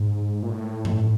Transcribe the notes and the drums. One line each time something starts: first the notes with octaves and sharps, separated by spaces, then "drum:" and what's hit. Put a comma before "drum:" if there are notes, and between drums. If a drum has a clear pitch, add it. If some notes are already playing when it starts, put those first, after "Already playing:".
Already playing: G#2
A#2
A2
drum: tom G2